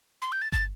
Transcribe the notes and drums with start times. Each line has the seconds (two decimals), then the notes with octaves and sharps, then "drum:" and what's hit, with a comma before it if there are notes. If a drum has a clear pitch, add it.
0.22 C6
0.32 G6
0.42 A6
0.52 A6, drum: kick G1